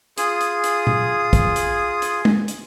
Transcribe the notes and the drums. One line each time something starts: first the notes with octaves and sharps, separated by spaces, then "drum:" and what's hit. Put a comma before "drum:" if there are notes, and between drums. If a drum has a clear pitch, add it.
F4 G#4 D#6, drum: hi-hat
drum: hi-hat
drum: hi-hat
drum: tom
drum: kick, hi-hat
drum: hi-hat
drum: hi-hat
drum: tom
drum: hi-hat